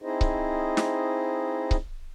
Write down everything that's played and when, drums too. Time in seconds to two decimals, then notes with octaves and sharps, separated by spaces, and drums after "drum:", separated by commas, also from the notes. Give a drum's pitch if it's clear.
0.02 C4 D#4 E4 G#4 C5 D#5
0.21 drum: kick C#1
0.77 drum: snare
1.71 drum: kick C#1